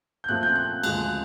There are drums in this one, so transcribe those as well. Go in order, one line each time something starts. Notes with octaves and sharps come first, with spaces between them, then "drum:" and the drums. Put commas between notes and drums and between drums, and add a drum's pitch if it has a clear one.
G6
A#2 F3 A3 C4 F#6
G6
F#6
D2 C#3 F3 G#3 F#6, drum: cymbal